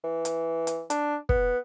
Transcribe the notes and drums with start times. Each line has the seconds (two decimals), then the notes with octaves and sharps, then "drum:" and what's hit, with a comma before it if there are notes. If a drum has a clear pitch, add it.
0.04 E3
0.25 drum: hi-hat
0.67 drum: hi-hat
0.90 D4, drum: hi-hat
1.29 B3, drum: kick